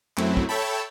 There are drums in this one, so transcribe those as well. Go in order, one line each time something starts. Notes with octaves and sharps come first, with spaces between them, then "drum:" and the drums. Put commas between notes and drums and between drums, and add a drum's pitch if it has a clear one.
F#2 F#3 A3 C4 E4, drum: clap
drum: kick
A4 C#5 E5 G5 A5 B5